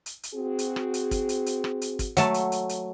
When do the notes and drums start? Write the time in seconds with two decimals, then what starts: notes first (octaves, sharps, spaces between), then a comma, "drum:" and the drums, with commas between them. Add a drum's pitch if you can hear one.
0.06 drum: hi-hat
0.23 drum: hi-hat
0.34 C4 F#4 G#4
0.59 drum: hi-hat
0.76 drum: rim click
0.94 drum: hi-hat
1.11 drum: kick, hi-hat
1.29 drum: hi-hat
1.46 drum: hi-hat
1.64 drum: rim click
1.82 drum: hi-hat
1.99 drum: kick, hi-hat
2.17 F#3 A3 A5, drum: hi-hat
2.34 drum: hi-hat
2.52 drum: hi-hat
2.69 drum: hi-hat